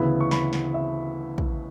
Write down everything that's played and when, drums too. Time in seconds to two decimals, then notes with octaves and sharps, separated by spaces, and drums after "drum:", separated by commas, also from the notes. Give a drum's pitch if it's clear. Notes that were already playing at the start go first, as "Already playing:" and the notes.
Already playing: D2 C#3 E3 B3 E4 B5
0.21 C#6
0.31 B5, drum: snare
0.53 drum: snare
0.74 E5
1.38 drum: kick